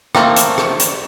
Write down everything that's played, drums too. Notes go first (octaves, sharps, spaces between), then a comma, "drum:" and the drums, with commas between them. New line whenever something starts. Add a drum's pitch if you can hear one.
A3 A#3 C4, drum: rim click
drum: hi-hat
drum: rim click
drum: hi-hat